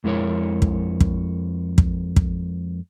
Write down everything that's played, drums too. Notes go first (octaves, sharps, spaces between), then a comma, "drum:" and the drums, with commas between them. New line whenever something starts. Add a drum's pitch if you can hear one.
F2 G#3 E4 A#4 C#5
drum: kick
drum: kick
drum: kick
drum: kick